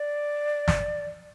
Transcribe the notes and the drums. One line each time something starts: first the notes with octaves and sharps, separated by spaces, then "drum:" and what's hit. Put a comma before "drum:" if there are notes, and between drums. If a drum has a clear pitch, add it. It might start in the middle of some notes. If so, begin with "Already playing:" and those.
Already playing: D5
drum: snare